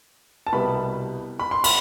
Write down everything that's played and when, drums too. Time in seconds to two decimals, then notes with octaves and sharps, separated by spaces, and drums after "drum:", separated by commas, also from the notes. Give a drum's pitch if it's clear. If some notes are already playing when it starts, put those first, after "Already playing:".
0.47 A5
0.52 C2 B2 G3 B3 B5
1.39 B5
1.51 C6
1.64 B5, drum: cymbal